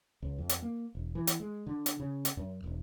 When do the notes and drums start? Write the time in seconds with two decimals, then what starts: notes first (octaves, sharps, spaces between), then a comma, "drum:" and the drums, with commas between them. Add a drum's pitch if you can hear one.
0.22 C#2
0.38 F2
0.49 drum: hi-hat
0.62 A#3
0.95 E1
1.15 E3
1.27 drum: hi-hat
1.40 G#3
1.66 D3
1.86 drum: hi-hat
2.00 C#3
2.25 drum: hi-hat
2.37 F#2
2.64 E1